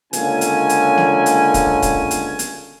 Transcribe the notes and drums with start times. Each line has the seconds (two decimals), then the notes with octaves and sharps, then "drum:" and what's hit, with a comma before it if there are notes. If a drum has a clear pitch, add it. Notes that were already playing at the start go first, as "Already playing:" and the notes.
0.13 C#2 D3 A#3 C#4 G#5, drum: hi-hat
0.41 drum: hi-hat
0.69 drum: hi-hat
0.98 drum: snare
1.26 drum: hi-hat
1.54 drum: kick, hi-hat
1.82 drum: kick, hi-hat
2.11 drum: hi-hat
2.39 drum: hi-hat